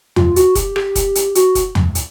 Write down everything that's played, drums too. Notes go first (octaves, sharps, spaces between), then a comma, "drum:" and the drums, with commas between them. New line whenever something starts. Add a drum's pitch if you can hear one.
F4, drum: tom
F#4, drum: hi-hat
G4, drum: kick, hi-hat
G4, drum: rim click
drum: kick, hi-hat
drum: hi-hat
F#4, drum: hi-hat
drum: kick, hi-hat
drum: tom
drum: hi-hat